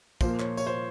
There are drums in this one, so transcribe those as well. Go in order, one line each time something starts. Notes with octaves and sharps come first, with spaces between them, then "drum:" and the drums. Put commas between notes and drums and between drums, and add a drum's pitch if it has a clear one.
A#2 F3 A#3 C5, drum: kick, tambourine
C#5, drum: clap
C#5, drum: tambourine
C5